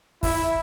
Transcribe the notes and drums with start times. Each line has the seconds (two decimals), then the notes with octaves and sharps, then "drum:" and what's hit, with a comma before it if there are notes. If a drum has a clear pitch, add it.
0.23 E4, drum: kick, open hi-hat